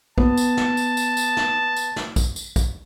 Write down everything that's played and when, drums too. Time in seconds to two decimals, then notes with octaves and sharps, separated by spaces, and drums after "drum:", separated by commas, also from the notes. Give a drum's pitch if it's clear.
0.18 B3 A5, drum: kick
0.37 drum: tambourine
0.57 drum: snare
0.77 drum: tambourine
0.97 drum: tambourine
1.17 drum: tambourine
1.37 drum: snare
1.77 drum: tambourine
1.96 drum: snare
2.16 drum: kick, tambourine
2.36 drum: tambourine
2.56 drum: kick, tambourine